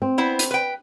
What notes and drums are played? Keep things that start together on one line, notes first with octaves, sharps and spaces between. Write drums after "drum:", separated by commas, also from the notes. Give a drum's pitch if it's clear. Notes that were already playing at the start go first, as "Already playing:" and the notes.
C4
B3 E4 C5
drum: hi-hat
B4 G5